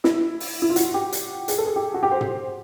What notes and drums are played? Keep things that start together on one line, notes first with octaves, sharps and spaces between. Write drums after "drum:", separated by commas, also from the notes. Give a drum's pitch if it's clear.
E4, drum: snare
drum: open hi-hat
E4
F4
F#4, drum: hi-hat
G4
drum: hi-hat
G#4, drum: hi-hat
A4
G#4
G4
F#4
G4
C5
drum: tom